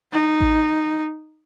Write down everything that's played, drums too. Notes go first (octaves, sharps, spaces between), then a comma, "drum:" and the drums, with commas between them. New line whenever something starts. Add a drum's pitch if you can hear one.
D#4
drum: kick A1